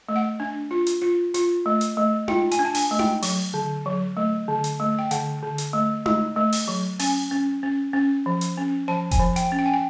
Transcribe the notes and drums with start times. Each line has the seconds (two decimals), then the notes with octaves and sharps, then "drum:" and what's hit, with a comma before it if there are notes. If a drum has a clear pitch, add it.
0.09 A3
0.16 F#5
0.40 D4
0.71 F4
0.87 drum: hi-hat
1.02 F4
1.34 F4, drum: hi-hat
1.66 A3
1.81 drum: hi-hat
1.97 A3
2.28 F4 G5, drum: tom D#4
2.52 G#5, drum: hi-hat
2.59 D4
2.65 A5
2.75 G#5, drum: open hi-hat
2.91 A3
2.99 G5, drum: tom D#4
3.23 F#3, drum: open hi-hat
3.54 D3
3.86 F#3
4.17 A3
4.48 D3
4.64 drum: hi-hat
4.80 A3
4.99 G5
5.11 D3 F#5, drum: hi-hat
5.43 D3
5.58 drum: hi-hat
5.73 A3
6.06 A3, drum: tom D#4
6.36 A3
6.53 drum: open hi-hat
6.68 F#3
6.99 C#4 G#5, drum: open hi-hat
7.31 C#4
7.63 C#4
7.93 C#4
8.26 F3
8.41 drum: hi-hat
8.57 C#4
8.88 F3 A5
9.11 G#5, drum: kick F1, hi-hat
9.20 F3
9.36 G5, drum: hi-hat
9.52 C#4
9.59 G5
9.66 G#5
9.74 G5